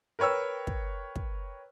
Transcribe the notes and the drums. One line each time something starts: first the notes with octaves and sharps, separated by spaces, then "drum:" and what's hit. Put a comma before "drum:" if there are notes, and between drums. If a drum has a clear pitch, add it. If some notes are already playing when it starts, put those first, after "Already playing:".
A#4 B4 C#5 G5 E6
drum: kick
drum: kick